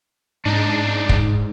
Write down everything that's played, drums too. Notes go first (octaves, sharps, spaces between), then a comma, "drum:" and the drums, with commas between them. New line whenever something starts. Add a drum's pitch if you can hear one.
G#2 D4 D#4
drum: kick